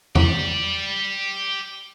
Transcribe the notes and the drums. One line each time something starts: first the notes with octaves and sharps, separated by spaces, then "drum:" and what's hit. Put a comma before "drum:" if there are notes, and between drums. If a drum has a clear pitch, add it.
G4 D5, drum: tom E2